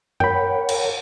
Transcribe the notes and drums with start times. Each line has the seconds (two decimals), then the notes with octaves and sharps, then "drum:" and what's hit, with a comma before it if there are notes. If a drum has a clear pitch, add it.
0.20 A#4 C#5 F#5 G5 B5, drum: tom F#2
0.69 drum: cymbal